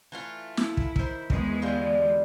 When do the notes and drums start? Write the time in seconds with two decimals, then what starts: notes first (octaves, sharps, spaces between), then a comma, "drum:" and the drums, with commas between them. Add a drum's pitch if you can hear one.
0.12 E3 A3 F4
0.57 E4, drum: snare
0.77 drum: kick
0.96 D#3 C5, drum: kick
1.30 E2 G#3, drum: kick
1.62 D3 G3 F4